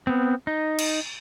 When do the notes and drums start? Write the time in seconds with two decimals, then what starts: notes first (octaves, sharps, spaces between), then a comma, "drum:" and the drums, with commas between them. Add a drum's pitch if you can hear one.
0.07 B3 C4
0.47 D#4
0.79 drum: cymbal